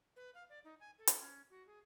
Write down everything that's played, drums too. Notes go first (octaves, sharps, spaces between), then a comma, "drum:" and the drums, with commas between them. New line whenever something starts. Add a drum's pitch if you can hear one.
B4
F5
D5
D#4
G#5
A4
drum: hi-hat
C#4
F#4
G#4